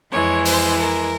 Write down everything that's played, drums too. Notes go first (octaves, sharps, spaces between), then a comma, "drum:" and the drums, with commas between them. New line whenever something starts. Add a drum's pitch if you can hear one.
F2 E3 G#3 C#5
C5, drum: open hi-hat
A#4